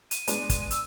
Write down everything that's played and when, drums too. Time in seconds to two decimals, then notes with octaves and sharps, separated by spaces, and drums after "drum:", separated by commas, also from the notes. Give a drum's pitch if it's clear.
0.11 D#7, drum: hi-hat
0.27 G#3 B3 D4, drum: hi-hat
0.50 drum: kick, hi-hat
0.71 E6, drum: hi-hat